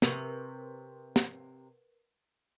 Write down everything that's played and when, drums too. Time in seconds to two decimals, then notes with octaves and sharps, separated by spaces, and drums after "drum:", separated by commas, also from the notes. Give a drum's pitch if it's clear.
0.02 C3 A#4 B4 C#6, drum: snare
1.16 drum: snare